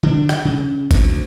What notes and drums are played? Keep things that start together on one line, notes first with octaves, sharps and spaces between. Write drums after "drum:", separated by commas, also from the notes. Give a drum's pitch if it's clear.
D3 D4
drum: rim click
C#3
D2, drum: kick G#1, hi-hat